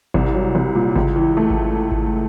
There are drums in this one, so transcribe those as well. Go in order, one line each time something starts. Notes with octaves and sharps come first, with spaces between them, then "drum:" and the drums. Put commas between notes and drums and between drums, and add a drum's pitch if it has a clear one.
C2, drum: kick G#1
F#3
C2
A#2
C#2, drum: kick G#1
E3
A3
drum: kick G#1
drum: kick G#1